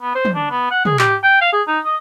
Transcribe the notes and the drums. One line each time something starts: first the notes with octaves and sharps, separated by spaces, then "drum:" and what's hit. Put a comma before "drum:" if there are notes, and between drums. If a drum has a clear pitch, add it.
B3
C5
drum: tom
D4
B3
F#5
G#4, drum: tom
G4, drum: clap
G5
F5
G#4
D#4
D#5